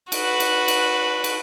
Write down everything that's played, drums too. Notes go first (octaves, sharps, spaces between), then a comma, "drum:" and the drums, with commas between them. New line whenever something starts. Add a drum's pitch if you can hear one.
F#4 B4, drum: cymbal
drum: cymbal
drum: cymbal
drum: cymbal